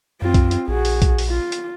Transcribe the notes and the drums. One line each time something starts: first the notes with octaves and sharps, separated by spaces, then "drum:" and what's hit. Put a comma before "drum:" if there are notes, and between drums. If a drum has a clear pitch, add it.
F#2 C4 F4
drum: kick B1, hi-hat
drum: hi-hat
A#1 F#4 G#4
drum: open hi-hat
drum: kick B1, hi-hat
drum: open hi-hat
F4
drum: hi-hat